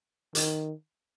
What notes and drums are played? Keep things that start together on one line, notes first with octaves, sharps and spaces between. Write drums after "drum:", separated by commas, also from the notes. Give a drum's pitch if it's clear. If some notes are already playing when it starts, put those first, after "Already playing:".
D#3, drum: hi-hat